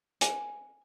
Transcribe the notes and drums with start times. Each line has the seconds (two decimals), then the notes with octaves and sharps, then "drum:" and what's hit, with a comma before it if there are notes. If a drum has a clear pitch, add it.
0.21 G#5, drum: hi-hat